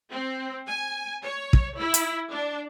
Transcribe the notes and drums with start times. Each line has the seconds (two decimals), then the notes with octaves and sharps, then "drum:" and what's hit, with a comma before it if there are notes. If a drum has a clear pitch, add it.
0.10 C4
0.68 G#5
1.23 C#5
1.53 drum: kick
1.78 E4
1.94 drum: hi-hat
2.31 D4